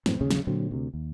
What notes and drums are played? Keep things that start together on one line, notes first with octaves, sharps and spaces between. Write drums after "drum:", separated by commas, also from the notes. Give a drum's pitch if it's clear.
F#2 A2 E3 C4, drum: snare
A1 D#2 C#3
drum: snare
A#2 D3 F#3 C4
D2 C3
D#2